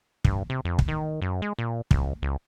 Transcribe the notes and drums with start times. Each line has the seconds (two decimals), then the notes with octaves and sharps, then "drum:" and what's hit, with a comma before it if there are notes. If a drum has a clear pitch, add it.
0.24 G2, drum: kick
0.50 C3
0.65 F2
0.79 drum: kick
0.88 D#3
1.22 F#2
1.42 G#3
1.59 A#2
1.91 C#2, drum: kick
2.22 C#2